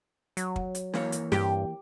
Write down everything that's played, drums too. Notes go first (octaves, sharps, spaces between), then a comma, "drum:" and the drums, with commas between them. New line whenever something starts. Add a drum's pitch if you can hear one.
F#3, drum: hi-hat
drum: kick
drum: hi-hat
E3 A#3 C#5, drum: snare
drum: hi-hat
G2 G4, drum: snare